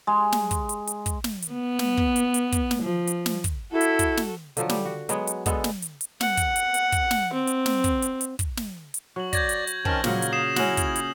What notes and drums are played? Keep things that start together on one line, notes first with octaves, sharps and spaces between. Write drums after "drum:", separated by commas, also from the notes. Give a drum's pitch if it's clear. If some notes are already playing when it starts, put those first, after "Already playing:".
G#3
drum: snare
drum: kick, hi-hat
drum: hi-hat
drum: hi-hat
drum: kick, hi-hat
drum: snare
drum: hi-hat
B3
drum: snare
drum: kick
drum: hi-hat
drum: hi-hat
drum: kick, hi-hat
drum: snare
F3
drum: hi-hat
drum: snare
drum: kick, hi-hat
E4 F#4 A4
drum: hi-hat
drum: kick, hi-hat
drum: snare
D3 F3 F#3, drum: hi-hat
G3, drum: snare
F#4
F#3 G#3 B3, drum: hi-hat
drum: hi-hat
D3 G#3 B3 A4, drum: kick, hi-hat
drum: snare
drum: hi-hat
drum: hi-hat
F#5, drum: snare
drum: kick, hi-hat
drum: hi-hat
drum: hi-hat
drum: kick, hi-hat
drum: snare
C4
drum: hi-hat
drum: snare
drum: kick, hi-hat
drum: hi-hat
drum: hi-hat
drum: kick, hi-hat
drum: snare
drum: hi-hat
F#3 C#6 F#7
D5 G6 G#6 A#6, drum: kick, hi-hat
drum: hi-hat
drum: hi-hat
D#3 C4 C#4 A5 F6 A#6 F#7, drum: kick
A#2 C#3 F#3 A#3, drum: snare
drum: hi-hat
D#6 C7 E7
C#4 E4 F#4 F#7, drum: snare
drum: kick, hi-hat
drum: hi-hat